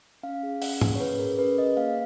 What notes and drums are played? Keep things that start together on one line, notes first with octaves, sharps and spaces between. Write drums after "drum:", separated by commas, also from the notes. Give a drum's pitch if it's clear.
C#4 F5
G#4
C#4 F#5, drum: open hi-hat
G#4, drum: tom
C#5
C#4 B4
G#4 A#4
C#4 B4
G#4 D#5
A#3 F5